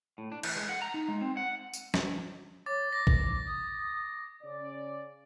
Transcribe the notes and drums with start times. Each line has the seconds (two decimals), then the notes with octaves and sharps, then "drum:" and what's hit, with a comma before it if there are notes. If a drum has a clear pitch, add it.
0.18 A2
0.32 D4
0.43 E3, drum: cymbal
0.56 G#3
0.69 F#5
0.82 A#5
0.94 D#4
1.08 G#3
1.21 C4
1.37 F#5
1.73 drum: tambourine
1.94 drum: snare
2.66 C#5 D6 A6
2.93 D6 A#6
3.07 drum: kick
3.46 D#6
4.43 C#3 D5